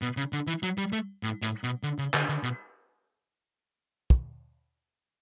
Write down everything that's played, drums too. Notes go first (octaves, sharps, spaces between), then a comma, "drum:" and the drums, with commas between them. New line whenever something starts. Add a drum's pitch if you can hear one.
B2
C#3
D3
E3
F#3
G3
A3
A2
A2, drum: hi-hat
B2
D3
C#3
D3, drum: clap
D3
B2
drum: kick